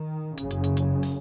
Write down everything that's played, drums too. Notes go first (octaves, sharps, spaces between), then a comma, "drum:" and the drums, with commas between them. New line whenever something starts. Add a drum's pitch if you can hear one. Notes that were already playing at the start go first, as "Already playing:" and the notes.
Already playing: D#3
F#1 F#2 C#3, drum: hi-hat
drum: hi-hat
drum: hi-hat
drum: hi-hat
drum: open hi-hat